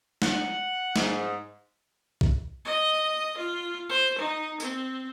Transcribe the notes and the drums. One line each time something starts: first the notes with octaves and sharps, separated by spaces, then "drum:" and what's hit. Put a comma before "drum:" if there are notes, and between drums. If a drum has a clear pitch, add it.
F#5, drum: snare
G#2, drum: snare
drum: kick B1
D#5
F4
C5
D#4
C4, drum: tambourine